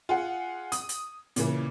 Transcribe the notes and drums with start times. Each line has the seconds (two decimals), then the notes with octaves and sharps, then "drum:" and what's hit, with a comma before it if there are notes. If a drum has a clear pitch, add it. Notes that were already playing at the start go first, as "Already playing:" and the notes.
0.09 F4 G#4 F#5
0.72 D#6, drum: hi-hat
0.89 drum: hi-hat
1.36 A#2 C#3 E3, drum: hi-hat